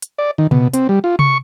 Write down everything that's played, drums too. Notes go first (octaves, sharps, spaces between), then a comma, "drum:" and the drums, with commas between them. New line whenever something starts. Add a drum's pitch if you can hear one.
drum: hi-hat
D5
D#3
B2, drum: tom C3
C4, drum: hi-hat
G3
F4
C#6, drum: tom C3